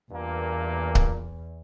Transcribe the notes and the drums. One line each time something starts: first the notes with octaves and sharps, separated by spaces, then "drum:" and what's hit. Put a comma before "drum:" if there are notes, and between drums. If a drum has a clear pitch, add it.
E2 G2 A#2 A#3
drum: kick C#1